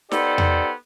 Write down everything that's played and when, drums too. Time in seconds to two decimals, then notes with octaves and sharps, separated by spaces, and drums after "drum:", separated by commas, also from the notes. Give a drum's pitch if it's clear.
0.11 B3 D#4 G4 A4 C5 D5, drum: snare
0.38 drum: tom E2